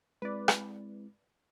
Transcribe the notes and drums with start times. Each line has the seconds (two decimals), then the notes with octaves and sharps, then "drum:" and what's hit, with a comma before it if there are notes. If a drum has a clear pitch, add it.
0.22 G#3 C4 E4 B4 D5
0.48 drum: rim click